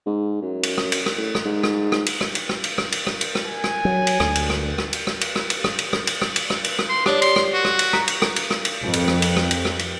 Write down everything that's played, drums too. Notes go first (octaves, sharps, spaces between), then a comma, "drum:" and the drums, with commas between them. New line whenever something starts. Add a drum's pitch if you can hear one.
G#2
F#2
drum: cymbal
drum: rim click
drum: cymbal
drum: rim click
A2
drum: rim click
G#2
drum: rim click
drum: rim click
drum: cymbal
drum: rim click
drum: cymbal
drum: rim click
drum: cymbal
drum: rim click
drum: cymbal
drum: rim click
drum: cymbal
drum: rim click
G#5
drum: rim click
F#3
drum: cymbal
D2, drum: rim click
drum: cymbal
drum: rim click
drum: rim click
drum: cymbal
drum: rim click
drum: cymbal
drum: rim click
drum: cymbal
drum: rim click
drum: cymbal
drum: rim click
drum: cymbal
drum: rim click
drum: cymbal
drum: rim click
drum: cymbal
drum: rim click
C6
D4 G4 C#5 D5, drum: rim click
C6, drum: cymbal
drum: rim click
F#4
drum: rim click
drum: cymbal
A#5 B6, drum: rim click
drum: cymbal
drum: rim click
drum: cymbal
drum: rim click
drum: cymbal
F2
drum: cymbal
drum: rim click
drum: cymbal
drum: rim click
drum: cymbal
drum: rim click
drum: cymbal